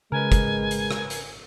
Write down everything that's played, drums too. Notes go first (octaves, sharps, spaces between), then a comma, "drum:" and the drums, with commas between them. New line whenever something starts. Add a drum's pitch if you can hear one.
C#3 G#3 A#4 B4 G#5
drum: kick, hi-hat
drum: hi-hat
drum: rim click
drum: hi-hat